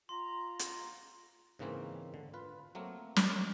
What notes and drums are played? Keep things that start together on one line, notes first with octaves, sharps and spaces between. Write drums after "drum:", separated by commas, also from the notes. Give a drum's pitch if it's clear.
F4 A#5 C6
drum: hi-hat
G#2 C#3 E3 A#3 C4 C#4
D3
F4 B4
F#3 A3 A#3 C4 A#4
D4 C#5 D#5 G5, drum: snare